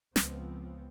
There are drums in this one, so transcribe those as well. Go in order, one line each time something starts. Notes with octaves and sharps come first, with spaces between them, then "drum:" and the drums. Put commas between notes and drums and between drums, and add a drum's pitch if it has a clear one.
C#2 F3 B3 C4, drum: snare